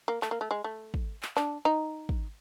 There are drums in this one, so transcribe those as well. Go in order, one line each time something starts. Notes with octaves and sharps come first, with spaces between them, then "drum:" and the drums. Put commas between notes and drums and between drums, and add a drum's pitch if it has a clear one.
A#3
A3, drum: clap
A#3
A3
G#3
A3
drum: kick
drum: clap
D4, drum: clap
D#4
drum: kick